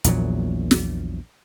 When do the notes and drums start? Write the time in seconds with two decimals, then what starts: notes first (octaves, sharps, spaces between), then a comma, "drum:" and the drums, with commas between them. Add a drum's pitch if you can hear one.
0.04 A#1 E2 A#2 F#3, drum: hi-hat
0.71 drum: snare